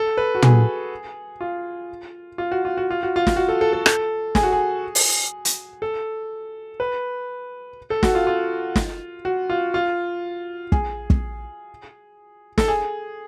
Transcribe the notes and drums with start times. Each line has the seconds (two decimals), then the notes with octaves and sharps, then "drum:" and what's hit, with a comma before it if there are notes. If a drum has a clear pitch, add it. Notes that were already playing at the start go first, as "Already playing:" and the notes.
Already playing: A4
0.17 B4
0.35 F#4
0.42 G#4, drum: tom
1.41 F4
2.38 F4
2.51 F#4
2.65 F4
2.77 F#4
2.91 F4
3.03 F#4
3.16 F4
3.27 drum: snare
3.36 F#4
3.49 A4
3.61 A4
3.73 A4
3.86 A4, drum: rim click
4.35 G#4, drum: snare
4.43 F#4
4.52 G#4
4.95 drum: open hi-hat
5.45 drum: hi-hat
5.82 A4
6.80 B4
7.90 A4
8.03 F#4, drum: snare
8.15 F4
8.27 F4
8.76 drum: snare
9.25 F#4
9.50 F4
9.74 F4
10.72 G#4, drum: kick
11.10 drum: kick
12.58 A4, drum: snare
12.68 G#4